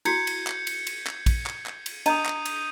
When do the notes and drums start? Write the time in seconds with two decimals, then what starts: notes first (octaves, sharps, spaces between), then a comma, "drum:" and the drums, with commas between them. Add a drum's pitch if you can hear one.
0.05 E4 F#4 G6 G#6 C#7, drum: cymbal
0.27 drum: cymbal
0.47 drum: clap
0.67 drum: cymbal
0.87 drum: cymbal
1.07 drum: clap
1.26 drum: kick, cymbal
1.46 drum: clap
1.66 drum: clap
1.86 drum: cymbal
2.06 D4 D#5 A#5 D#6 G6 D#7, drum: cymbal
2.26 drum: clap
2.45 drum: cymbal